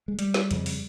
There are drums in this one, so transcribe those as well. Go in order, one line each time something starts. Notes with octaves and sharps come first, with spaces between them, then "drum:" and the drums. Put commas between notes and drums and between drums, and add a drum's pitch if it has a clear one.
G#3
G3, drum: hi-hat
drum: snare
F2 C#3, drum: hi-hat
drum: open hi-hat